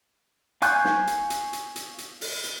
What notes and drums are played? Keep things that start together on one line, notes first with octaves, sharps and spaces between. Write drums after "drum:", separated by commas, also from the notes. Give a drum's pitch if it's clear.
F5 G#5 C#6 F#6 G6, drum: hi-hat
drum: snare
drum: hi-hat
drum: hi-hat
drum: hi-hat
drum: hi-hat
drum: hi-hat
drum: open hi-hat
drum: hi-hat